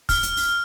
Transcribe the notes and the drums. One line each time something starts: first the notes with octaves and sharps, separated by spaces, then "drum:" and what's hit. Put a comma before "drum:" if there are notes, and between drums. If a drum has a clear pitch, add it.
F6, drum: kick, open hi-hat
drum: hi-hat
drum: open hi-hat